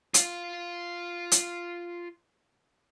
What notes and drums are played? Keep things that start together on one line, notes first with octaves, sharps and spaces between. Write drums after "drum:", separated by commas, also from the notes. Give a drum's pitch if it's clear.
F4 F5, drum: hi-hat
drum: hi-hat